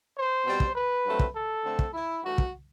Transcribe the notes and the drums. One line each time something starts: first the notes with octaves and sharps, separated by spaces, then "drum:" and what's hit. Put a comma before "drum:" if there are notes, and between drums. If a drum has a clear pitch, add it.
C5
B2 G3 C4
drum: kick
B4
G2 F#3 A3 C4
drum: kick
A4
D3 A3 C4
drum: kick
E4
G2 E3 A3 F#4
drum: kick